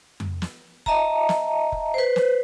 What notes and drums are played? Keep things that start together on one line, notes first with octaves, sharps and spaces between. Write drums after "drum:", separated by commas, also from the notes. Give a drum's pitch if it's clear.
drum: tom F2
drum: snare
D#5 E5 A5 A#5, drum: kick F1
drum: snare
drum: kick F1
B4 C5
drum: snare